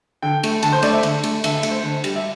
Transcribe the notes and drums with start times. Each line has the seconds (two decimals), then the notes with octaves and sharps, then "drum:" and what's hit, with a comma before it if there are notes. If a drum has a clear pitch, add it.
0.22 D3 G5
0.43 A3, drum: cymbal
0.63 D3 A5, drum: cymbal
0.72 C5
0.82 A3 D5, drum: cymbal
0.93 E5
1.03 D3, drum: cymbal
1.24 A3, drum: cymbal
1.44 D3 E5, drum: cymbal
1.57 E5
1.63 A3, drum: cymbal
1.71 C5
1.83 D3
2.04 G3, drum: cymbal
2.15 E5